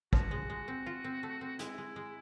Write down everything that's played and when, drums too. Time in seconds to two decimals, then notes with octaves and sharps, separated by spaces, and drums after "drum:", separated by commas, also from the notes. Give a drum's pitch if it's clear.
0.13 F3 F#4, drum: kick
0.31 G#3
0.50 G#3
0.68 C4
0.86 F4
1.04 C4
1.23 A3
1.41 C4
1.59 G#3 E4, drum: hi-hat
1.78 G#3
1.96 G#3